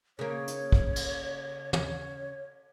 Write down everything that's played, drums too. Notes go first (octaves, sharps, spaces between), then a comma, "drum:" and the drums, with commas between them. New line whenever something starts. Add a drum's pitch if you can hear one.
C#3 A#3 C#5
drum: hi-hat
drum: kick
drum: cymbal
C#5, drum: tom